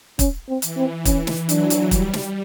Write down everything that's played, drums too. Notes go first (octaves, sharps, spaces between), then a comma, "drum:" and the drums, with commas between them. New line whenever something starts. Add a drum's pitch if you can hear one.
C#4, drum: kick, hi-hat
C4
E3, drum: hi-hat
C4
C#4, drum: kick, hi-hat
drum: snare
F#3 D4, drum: hi-hat
drum: hi-hat
G3, drum: kick, hi-hat
drum: snare